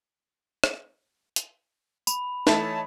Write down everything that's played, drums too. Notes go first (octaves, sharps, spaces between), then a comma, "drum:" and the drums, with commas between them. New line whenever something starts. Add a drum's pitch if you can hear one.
drum: rim click
drum: hi-hat
B5, drum: tambourine
E3 A3 D#4 C#5 A5, drum: snare